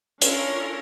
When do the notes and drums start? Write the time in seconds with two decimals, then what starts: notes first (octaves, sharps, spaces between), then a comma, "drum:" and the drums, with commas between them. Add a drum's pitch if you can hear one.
0.21 C#4 D4 F4 A4 A#4 C#5, drum: hi-hat